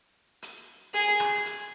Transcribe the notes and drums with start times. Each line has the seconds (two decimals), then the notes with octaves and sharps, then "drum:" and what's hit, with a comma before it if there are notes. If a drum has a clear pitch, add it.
0.42 drum: hi-hat
0.94 G#4, drum: hi-hat
1.20 drum: rim click
1.46 drum: hi-hat